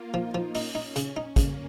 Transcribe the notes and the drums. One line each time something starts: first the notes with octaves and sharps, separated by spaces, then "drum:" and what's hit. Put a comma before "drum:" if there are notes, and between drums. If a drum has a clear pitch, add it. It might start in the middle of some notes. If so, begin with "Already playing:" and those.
Already playing: A#3 F4
F3 D#4
F3
C#4 D#4, drum: open hi-hat
D#4
C#3, drum: hi-hat
D#4
C#3 A#3, drum: kick, hi-hat